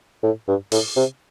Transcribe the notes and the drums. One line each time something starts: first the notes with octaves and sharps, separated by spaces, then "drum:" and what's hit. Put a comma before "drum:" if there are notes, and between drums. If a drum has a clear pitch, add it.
A2
G2
A2, drum: open hi-hat
C3